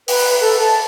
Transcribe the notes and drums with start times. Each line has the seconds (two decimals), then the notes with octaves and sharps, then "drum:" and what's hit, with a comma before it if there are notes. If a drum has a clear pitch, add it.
0.08 B4, drum: open hi-hat
0.41 A4
0.60 A5